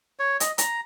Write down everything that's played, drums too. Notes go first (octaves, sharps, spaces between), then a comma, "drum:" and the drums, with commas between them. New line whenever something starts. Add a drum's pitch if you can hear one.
C#5
D#5, drum: hi-hat
A#5, drum: hi-hat